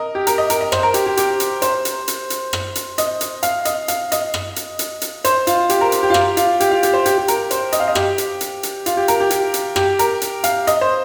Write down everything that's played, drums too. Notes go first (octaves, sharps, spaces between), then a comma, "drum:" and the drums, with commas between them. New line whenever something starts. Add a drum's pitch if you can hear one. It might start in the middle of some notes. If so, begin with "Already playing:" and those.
Already playing: A#4 D#5
G4
A#4, drum: hi-hat
D#5
A#4, drum: hi-hat
D#5
C5, drum: rim click
A#4
G4, drum: hi-hat
G4
G4, drum: hi-hat
drum: hi-hat
C5, drum: hi-hat
drum: hi-hat
drum: hi-hat
drum: hi-hat
drum: rim click
drum: hi-hat
D#5, drum: hi-hat
drum: hi-hat
F5, drum: hi-hat
D#5, drum: hi-hat
F5, drum: hi-hat
D#5, drum: hi-hat
drum: rim click
drum: hi-hat
drum: hi-hat
drum: hi-hat
C5, drum: hi-hat
F4, drum: hi-hat
G4, drum: hi-hat
A#4
drum: hi-hat
G4
F4
G4, drum: rim click
F4, drum: hi-hat
G4, drum: hi-hat
F4
G4, drum: hi-hat
C5
G4, drum: hi-hat
G4
A#4, drum: hi-hat
C5, drum: hi-hat
D#5, drum: hi-hat
F5
D#5
G4, drum: rim click
drum: hi-hat
drum: hi-hat
drum: hi-hat
F4, drum: hi-hat
G4
A#4, drum: hi-hat
G4
G4, drum: hi-hat
drum: hi-hat
G4, drum: rim click
A#4, drum: hi-hat
drum: hi-hat
F5, drum: hi-hat
D#5, drum: hi-hat
C5